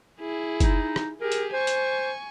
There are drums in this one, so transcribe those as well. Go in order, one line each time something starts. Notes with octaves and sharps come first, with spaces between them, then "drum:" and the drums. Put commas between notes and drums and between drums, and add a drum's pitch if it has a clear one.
E4 G#4
D#4, drum: kick F#1, hi-hat
drum: rim click
G4 G#4 A#4
drum: hi-hat
C5 G#5 C#6
drum: hi-hat